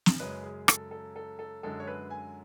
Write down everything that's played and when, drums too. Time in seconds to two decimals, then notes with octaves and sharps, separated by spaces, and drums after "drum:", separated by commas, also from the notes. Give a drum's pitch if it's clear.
0.06 drum: snare
0.20 F#2 C#3 G#3 B4
0.43 G#4
0.68 A4, drum: rim click
0.91 A4
1.16 A4
1.39 A4
1.63 F#2 D3 G#3 A4
1.80 C#5
1.87 B4
2.10 G#5